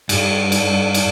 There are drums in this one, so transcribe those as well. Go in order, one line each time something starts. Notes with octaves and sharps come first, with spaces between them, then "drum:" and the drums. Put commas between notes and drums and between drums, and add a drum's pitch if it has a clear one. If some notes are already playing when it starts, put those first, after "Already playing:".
G2, drum: cymbal
drum: cymbal
drum: cymbal